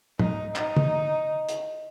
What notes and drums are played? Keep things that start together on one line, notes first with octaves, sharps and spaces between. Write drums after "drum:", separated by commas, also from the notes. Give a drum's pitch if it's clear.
D#4, drum: tom
D#4, drum: clap
drum: tom
drum: hi-hat